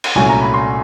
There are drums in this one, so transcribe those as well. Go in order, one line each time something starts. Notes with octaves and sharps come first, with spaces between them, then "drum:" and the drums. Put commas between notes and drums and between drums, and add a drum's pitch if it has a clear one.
drum: cymbal
C2 A#2 F#3 A3 C#4 G#5
A#5
B5
C6